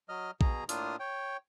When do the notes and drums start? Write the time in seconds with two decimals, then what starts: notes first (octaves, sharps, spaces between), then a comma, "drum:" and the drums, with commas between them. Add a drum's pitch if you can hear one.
0.09 F#3 D#5 F6
0.41 B2 G#4 A#5, drum: kick A#1
0.69 A2 A#3 D4 F4 D#6 F6, drum: hi-hat
1.00 C#5 G5